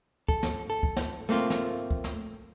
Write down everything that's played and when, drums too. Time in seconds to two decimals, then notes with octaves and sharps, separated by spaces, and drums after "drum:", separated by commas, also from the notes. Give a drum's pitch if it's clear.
0.28 A4, drum: kick C#2
0.43 drum: snare
0.70 A4
0.83 drum: kick C#2
0.97 drum: snare
1.29 A3 A#3 C4 F4
1.50 drum: snare
1.91 drum: kick C#2
2.04 drum: snare